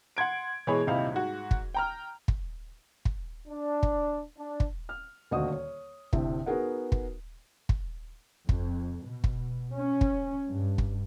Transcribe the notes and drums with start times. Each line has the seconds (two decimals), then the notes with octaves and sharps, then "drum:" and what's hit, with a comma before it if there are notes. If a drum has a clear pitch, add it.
0.17 F#5 C6 G#6 D7
0.67 B2 E3 G#3 G#4 C#5 B5
0.87 D#1 C3 D#4 E4 F5
1.12 G#2 F#4
1.51 drum: kick
1.74 G5 A#5 F6
2.28 drum: kick
3.05 drum: kick
3.48 D4
3.83 drum: kick
4.37 D4
4.60 drum: kick
4.89 F6
5.31 D#1 D2 A#2 F#4 D#5 D#6
5.52 C#5
6.13 D2 A2 C3, drum: kick
6.46 B3 D#4 F#4 G#4 A#4 F#5
6.92 drum: kick
7.69 drum: kick
8.49 F2, drum: kick
9.04 B2
9.24 drum: kick
9.78 C#4
10.01 drum: kick
10.55 G2
10.78 drum: kick